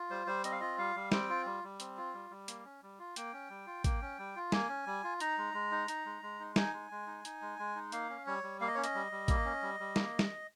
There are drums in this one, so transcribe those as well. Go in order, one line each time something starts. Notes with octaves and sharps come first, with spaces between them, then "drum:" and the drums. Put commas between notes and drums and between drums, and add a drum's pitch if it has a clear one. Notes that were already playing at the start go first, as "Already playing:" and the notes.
Already playing: F4
G3 C5
G3 C5
C4 D#5, drum: hi-hat
F5
F4 D#5
G3 F5
G3
C4 G5, drum: snare
F4
G3
G3
C4, drum: hi-hat
F4
G3
G3
A#3, drum: hi-hat
C#4
G3
F4
A#3 G5, drum: hi-hat
C#4
G3
F4
A#3, drum: kick, hi-hat
C#4
G3
F4
A#3 G#5, drum: snare
C#4
G3
F4
D#4 A#5, drum: hi-hat
G#3
G#3
D#4
D#4, drum: hi-hat
G#3
G#3
D#4
D#4 G#5, drum: snare
G#3
G#3
D#4
D#4, drum: hi-hat
G#3
G#3
D#4
A#3 F5, drum: hi-hat
C#4
G3 C#5
G3
A#3 F5
D#5
C#4 C#5
D#5, drum: hi-hat
G3
G3
A#3, drum: kick, hi-hat
C#4
G3
G3
A#3, drum: snare
drum: snare